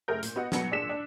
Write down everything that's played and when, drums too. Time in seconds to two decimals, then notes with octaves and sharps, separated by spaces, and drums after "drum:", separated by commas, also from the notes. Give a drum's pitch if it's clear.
0.08 F#1 A3 G#4 A#4 G6
0.23 A#2, drum: hi-hat
0.36 B3 F#4 D#5 F#5
0.52 B2 F#3 B3 B4 C#7, drum: snare
0.71 A#2 D4 G#4 E6 B6 E7
0.89 D4